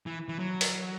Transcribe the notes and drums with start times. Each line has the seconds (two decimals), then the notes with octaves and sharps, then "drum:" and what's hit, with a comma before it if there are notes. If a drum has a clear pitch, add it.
0.06 E3
0.29 E3
0.39 F#3
0.61 drum: open hi-hat